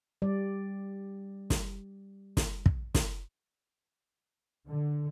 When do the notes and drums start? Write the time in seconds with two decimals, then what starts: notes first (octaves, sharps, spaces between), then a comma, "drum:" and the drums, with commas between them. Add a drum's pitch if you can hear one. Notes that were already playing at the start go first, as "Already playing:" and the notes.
0.22 G3 D5
1.50 drum: snare
2.37 drum: snare
2.66 drum: kick
2.94 drum: snare
4.68 D3